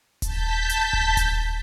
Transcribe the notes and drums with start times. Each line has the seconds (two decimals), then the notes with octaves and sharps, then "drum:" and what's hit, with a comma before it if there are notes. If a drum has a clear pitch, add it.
0.22 A5 G6 B6, drum: kick D#1, hi-hat
0.69 drum: hi-hat
0.93 drum: kick D#1
1.17 drum: kick D#1, hi-hat